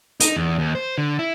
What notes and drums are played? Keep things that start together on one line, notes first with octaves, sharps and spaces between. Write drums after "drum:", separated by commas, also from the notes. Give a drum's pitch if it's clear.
D#4, drum: hi-hat
E2
D#2
C5
D3
E4